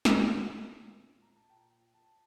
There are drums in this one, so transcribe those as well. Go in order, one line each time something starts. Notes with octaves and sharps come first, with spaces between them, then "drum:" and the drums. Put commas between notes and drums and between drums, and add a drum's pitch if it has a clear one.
drum: snare
A#2 F5
F3
A#2
F3
A#2
A#5
A#2
A5
A#2 G5
F3
F3 A5